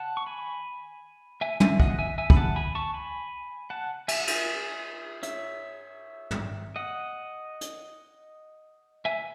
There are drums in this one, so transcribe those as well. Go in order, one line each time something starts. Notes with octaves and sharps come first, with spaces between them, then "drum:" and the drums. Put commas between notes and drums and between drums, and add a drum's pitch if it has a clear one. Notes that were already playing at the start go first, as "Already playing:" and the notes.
Already playing: F#5 A5
C#6
G#5 B5
E5 G#5
E5 G#5, drum: tom
D#5 F#5, drum: kick
E5 G#5
E5 G#5
B5, drum: kick
F#5 A5
G#5 B5
A5 C#6
G#5 B5
F#5 A5
E5 G#5, drum: cymbal
F#5
E5 G#5, drum: cymbal
C#5 E5, drum: hi-hat
drum: tom
D#5 F#5
drum: hi-hat
E5 G#5